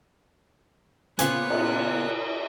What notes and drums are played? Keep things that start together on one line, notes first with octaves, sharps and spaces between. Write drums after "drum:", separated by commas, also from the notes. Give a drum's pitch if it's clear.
A#2 C#3 B3 C5 C#5 G#5 D6 F#6, drum: hi-hat
drum: cymbal